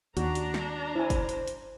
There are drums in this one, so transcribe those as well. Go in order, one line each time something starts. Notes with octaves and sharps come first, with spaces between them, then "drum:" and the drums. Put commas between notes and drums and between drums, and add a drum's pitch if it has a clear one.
D#2 D4 F#4 A#5, drum: hi-hat
drum: hi-hat
drum: snare
E4 C5 G#5
drum: kick, hi-hat
drum: hi-hat
drum: hi-hat